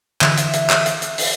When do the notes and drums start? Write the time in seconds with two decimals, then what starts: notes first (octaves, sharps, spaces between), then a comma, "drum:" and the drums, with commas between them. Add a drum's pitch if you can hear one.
0.21 D3 E3 E5, drum: clap
0.38 drum: hi-hat
0.54 drum: hi-hat
0.70 drum: clap
0.86 drum: hi-hat
1.02 drum: hi-hat
1.18 drum: open hi-hat